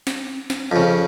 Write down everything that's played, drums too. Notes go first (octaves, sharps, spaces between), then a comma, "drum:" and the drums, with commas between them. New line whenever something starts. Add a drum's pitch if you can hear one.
drum: snare
drum: snare
F2 C#3